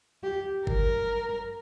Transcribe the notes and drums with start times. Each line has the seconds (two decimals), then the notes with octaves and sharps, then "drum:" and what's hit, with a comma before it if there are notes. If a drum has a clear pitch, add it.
0.23 G4
0.67 A#4, drum: kick G1